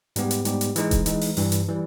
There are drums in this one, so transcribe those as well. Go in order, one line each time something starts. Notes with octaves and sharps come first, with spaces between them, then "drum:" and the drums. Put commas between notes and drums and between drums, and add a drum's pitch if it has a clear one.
G#2 G3 B3 G4, drum: hi-hat
drum: hi-hat
G#2 G3 B3 G4, drum: hi-hat
drum: hi-hat
E3 G#3 D#4, drum: hi-hat
drum: kick D#1, hi-hat
E3 G#3 D#4, drum: hi-hat
drum: open hi-hat
G2 E3 G3, drum: open hi-hat
drum: hi-hat
E3 G3